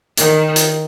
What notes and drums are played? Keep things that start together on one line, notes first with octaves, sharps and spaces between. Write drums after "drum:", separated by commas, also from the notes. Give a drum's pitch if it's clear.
D#3, drum: hi-hat
drum: hi-hat